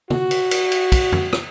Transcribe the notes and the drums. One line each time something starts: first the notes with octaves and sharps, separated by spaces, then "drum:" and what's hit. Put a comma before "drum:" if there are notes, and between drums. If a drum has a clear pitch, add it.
F#4, drum: tom
drum: cymbal
drum: cymbal
drum: cymbal
drum: kick, cymbal
drum: tom F2
drum: rim click